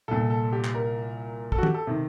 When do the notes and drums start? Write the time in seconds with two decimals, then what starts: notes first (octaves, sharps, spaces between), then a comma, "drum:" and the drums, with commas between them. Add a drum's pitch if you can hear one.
0.08 C2 A#2 A4
0.30 A4
0.53 G4
0.64 drum: clap
0.75 A#4
1.52 A4, drum: kick
1.58 F#4
1.63 G4, drum: tom
1.74 A4
1.87 C3 D#3